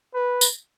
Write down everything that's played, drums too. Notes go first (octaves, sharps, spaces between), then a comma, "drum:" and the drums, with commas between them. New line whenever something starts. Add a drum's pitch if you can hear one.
B4
drum: tambourine